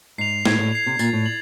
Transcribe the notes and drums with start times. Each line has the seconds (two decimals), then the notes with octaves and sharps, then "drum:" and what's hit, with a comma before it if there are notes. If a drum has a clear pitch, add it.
0.18 G#2 C7 F7
0.45 A2 G#6, drum: snare
0.58 A2
0.73 C7 F7
0.86 C3
0.99 A#2 A6, drum: tambourine
1.13 A2
1.26 F#7